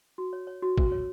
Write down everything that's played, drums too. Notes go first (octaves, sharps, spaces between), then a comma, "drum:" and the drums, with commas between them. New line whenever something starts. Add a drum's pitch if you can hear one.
F#4
C#5
C#5
F#4
F#4, drum: kick
C#5